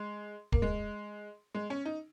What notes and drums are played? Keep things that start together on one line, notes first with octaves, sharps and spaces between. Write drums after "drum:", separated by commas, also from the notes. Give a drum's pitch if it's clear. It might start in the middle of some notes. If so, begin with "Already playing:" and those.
Already playing: G#3
A#3, drum: kick
G#3
G#3
C#4
D#4